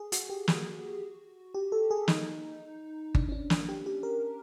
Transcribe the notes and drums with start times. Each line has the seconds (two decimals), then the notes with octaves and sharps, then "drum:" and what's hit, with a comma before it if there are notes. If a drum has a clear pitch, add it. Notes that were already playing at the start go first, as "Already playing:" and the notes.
Already playing: G#4
0.12 F#4, drum: hi-hat
0.30 G4
0.48 F#4, drum: snare
1.54 G4
1.72 A4
1.91 G#4
2.08 D#4, drum: snare
3.15 D4, drum: kick G1
3.29 C#4
3.32 D4
3.50 D4, drum: snare
3.69 G4
3.86 G4
4.03 A#4